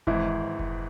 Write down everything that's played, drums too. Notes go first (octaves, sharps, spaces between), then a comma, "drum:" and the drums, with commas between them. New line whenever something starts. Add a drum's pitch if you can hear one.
G#1 G#2 E3 E4, drum: kick F1
drum: kick F1